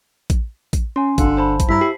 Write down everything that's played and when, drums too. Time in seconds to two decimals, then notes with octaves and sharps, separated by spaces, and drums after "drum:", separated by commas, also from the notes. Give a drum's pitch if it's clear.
0.30 drum: kick A1, hi-hat
0.73 drum: kick A1, hi-hat
0.96 C#4 G#5 C6
1.18 G1 D3 F5, drum: kick A1, hi-hat
1.37 C5 A5 B5
1.60 drum: kick A1, hi-hat
1.69 G2 G3 E4 A#5 B6
1.81 G4 C7